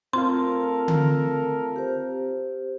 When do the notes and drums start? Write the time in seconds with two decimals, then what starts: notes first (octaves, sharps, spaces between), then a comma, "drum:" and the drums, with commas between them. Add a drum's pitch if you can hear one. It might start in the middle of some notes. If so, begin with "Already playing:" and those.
0.13 A3 C4 F4 A4 A#4 F5 C6
0.88 drum: tom D3
1.76 G4 C5